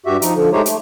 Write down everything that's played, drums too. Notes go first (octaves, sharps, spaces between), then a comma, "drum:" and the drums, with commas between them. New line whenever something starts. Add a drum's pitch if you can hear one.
G2 F#4 G4 E5
F3 D#4, drum: hi-hat
D3 F3
G#3 A3 D#4 G4 C5 C#5
A3, drum: hi-hat